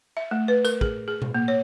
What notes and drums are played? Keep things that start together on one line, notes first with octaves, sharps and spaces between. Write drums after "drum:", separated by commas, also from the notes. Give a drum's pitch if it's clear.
E5
A3
B4
A#4, drum: tambourine
G#4, drum: kick
G#4
drum: tom B2
A#3
C#5